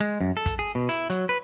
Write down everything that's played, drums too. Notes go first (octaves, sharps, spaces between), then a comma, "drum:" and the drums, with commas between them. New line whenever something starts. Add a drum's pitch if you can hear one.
G#3
F#2
A4
drum: kick, hi-hat
G#4
B2
E4, drum: hi-hat
F#3, drum: hi-hat
B4